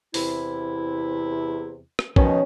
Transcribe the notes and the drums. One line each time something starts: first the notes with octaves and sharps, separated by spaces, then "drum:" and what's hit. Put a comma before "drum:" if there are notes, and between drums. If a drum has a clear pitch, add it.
E2 C3 E4, drum: open hi-hat
drum: rim click
B2 D#3 F3 C#4, drum: kick